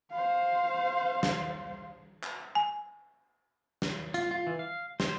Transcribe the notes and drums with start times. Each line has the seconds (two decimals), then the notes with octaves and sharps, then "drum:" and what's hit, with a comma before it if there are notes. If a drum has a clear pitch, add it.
0.12 C5 F5
1.23 drum: snare
2.23 drum: clap
2.55 G#5
3.82 drum: snare
4.14 F4, drum: hi-hat
4.31 F4
4.47 E3
4.59 F5
5.00 C5, drum: snare